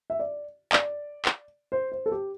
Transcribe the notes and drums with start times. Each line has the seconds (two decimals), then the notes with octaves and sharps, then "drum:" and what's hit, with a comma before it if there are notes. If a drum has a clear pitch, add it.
0.10 E5
0.19 D5
0.73 D5, drum: clap
1.25 drum: clap
1.72 C5
1.92 C5
2.06 A4
2.12 G4